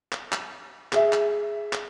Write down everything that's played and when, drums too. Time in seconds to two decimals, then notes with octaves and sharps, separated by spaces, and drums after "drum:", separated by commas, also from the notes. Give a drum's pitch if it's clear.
0.12 drum: clap
0.32 drum: clap
0.92 G#4 E5, drum: clap
1.13 drum: clap
1.73 drum: clap